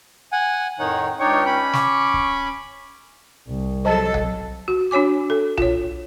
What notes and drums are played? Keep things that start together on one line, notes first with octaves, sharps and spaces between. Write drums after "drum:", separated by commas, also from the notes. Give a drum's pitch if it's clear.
F#5 G#5
F2 A2 D#3 D#4 C#5 F#5
C#2 D4 D#4 C#5 G5 C#6
C#4 B5
C#6 D6, drum: snare
drum: kick C#1
C2
F#3 A4 C5 D#5 A5
drum: tom B1
F#4
D4 F#4 C#5 G#5 D6
A4
F4 C#5, drum: tom B1